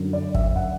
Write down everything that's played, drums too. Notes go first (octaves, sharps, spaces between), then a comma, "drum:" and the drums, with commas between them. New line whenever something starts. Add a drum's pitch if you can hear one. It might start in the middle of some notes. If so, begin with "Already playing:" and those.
Already playing: F#2 D3 F#3
D5
E5, drum: kick
F#5